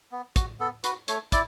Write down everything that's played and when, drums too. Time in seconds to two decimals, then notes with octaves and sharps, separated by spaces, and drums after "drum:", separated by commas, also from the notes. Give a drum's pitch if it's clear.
0.12 B3
0.36 F#4, drum: kick, hi-hat
0.60 B3 A4
0.84 F#4 B4, drum: hi-hat
1.08 A3 C#5, drum: hi-hat
1.32 E4 D5, drum: kick, hi-hat